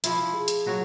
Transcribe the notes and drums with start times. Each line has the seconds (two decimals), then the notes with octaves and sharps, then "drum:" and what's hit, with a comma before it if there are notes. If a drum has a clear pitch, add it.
0.04 F3 E4, drum: hi-hat
0.34 G#4
0.48 drum: hi-hat
0.66 F#3 F#4 C#5